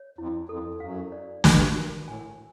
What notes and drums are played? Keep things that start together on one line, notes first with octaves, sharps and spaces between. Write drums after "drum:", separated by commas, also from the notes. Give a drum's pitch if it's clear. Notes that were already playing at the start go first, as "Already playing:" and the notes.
Already playing: C#5
F2 E4
F2 A4
F2
F#2 F5
D5
G2 F#4, drum: snare
A#4
A2 G#5